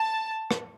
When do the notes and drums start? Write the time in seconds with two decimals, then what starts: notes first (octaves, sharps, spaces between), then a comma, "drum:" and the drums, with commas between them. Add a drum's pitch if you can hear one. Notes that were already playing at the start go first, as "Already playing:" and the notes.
Already playing: A5
0.51 drum: rim click